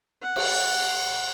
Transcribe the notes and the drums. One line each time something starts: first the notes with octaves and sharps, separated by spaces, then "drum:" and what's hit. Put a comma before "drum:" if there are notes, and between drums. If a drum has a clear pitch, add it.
F#5
drum: cymbal